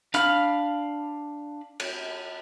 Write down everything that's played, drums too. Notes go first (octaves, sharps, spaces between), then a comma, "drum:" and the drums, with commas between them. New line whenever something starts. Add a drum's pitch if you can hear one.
D4 F5 B5 F6, drum: hi-hat
drum: cymbal